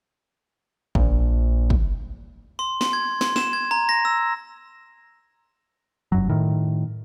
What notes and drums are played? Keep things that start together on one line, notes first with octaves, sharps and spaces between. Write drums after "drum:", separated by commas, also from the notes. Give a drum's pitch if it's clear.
A#1, drum: kick
drum: kick
C6
C6, drum: snare
G#6
C6, drum: snare
E7, drum: snare
G#6
A#5
A#6
E6
F1 F#2 F#3
A2 D#3